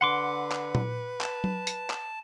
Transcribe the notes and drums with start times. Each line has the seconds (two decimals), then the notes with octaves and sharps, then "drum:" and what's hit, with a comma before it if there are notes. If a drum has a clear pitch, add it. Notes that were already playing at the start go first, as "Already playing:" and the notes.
0.01 D3 B4 F#5 C6 D6
0.52 drum: clap
0.75 drum: tom A#2
1.21 A5, drum: clap
1.44 drum: tom F#3
1.67 drum: hi-hat
1.90 drum: clap